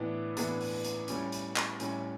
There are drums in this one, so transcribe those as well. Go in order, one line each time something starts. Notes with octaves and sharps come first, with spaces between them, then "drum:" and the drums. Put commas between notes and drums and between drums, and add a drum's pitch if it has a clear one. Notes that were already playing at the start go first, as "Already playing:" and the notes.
Already playing: A2 E3 B3 D4
A2 E3 B3 D4, drum: hi-hat
drum: open hi-hat
drum: hi-hat
A2 G3 C#4, drum: hi-hat
drum: hi-hat
drum: clap
A2 G3 C#4, drum: hi-hat